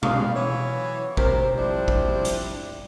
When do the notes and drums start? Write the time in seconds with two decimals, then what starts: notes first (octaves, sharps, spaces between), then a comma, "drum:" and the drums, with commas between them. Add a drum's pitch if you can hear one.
0.03 C3 G3 B3 G#4 F5, drum: tom
0.35 E3 F#3 C#5
1.17 C3 A#4 C5, drum: kick
1.57 C3 F3 G3 D4 E4 C5
1.88 drum: kick
2.25 drum: hi-hat